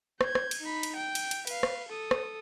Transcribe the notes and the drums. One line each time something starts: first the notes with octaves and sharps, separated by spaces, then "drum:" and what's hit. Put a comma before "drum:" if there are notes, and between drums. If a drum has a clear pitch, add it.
G6 G#6, drum: rim click
drum: rim click
drum: cymbal
D#4 B5
drum: cymbal
G5
drum: cymbal
drum: cymbal
B4 F5, drum: cymbal
drum: rim click
A4 D#6
drum: rim click